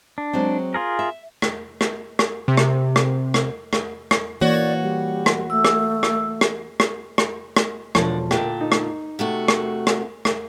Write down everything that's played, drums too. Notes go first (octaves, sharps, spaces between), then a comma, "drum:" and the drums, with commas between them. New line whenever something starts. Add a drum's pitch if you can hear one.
D4
F#3 G#3 C4
F4 G#4 A#4
E5
drum: rim click
drum: rim click
drum: rim click
C3
drum: rim click
drum: rim click
drum: rim click
drum: rim click
drum: rim click
E3 A#3 F#4 C#5 D5
G3
drum: rim click
A3 E6
drum: rim click
drum: rim click
drum: rim click
drum: rim click
drum: rim click
drum: rim click
E1 D3 F3 C#5, drum: rim click
A#2 D3 G5, drum: rim click
D#4
drum: rim click
C3 A3 F#4
drum: rim click
drum: rim click
drum: rim click